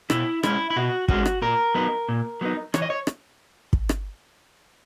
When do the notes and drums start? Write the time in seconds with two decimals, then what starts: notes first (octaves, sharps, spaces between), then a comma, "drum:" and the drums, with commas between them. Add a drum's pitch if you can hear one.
0.10 B2 E4, drum: rim click
0.43 G#3 C#4 E4, drum: rim click
0.70 E4
0.76 B2 F#4
1.08 G#3 C#4 F#4, drum: kick
1.26 drum: rim click
1.42 A#2 A#4
1.74 F#3 B3 D#4
2.09 A#2
2.41 F#3 B3 D#4
2.74 E3 C#5, drum: rim click
2.82 D#5
2.90 C#5
3.07 drum: rim click
3.73 drum: kick
3.89 drum: rim click